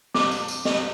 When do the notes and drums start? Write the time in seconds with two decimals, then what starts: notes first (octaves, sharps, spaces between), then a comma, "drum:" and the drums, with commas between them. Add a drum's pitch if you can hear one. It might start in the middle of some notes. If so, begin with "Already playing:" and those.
0.14 D6, drum: snare
0.31 drum: tambourine
0.48 drum: tambourine
0.65 drum: snare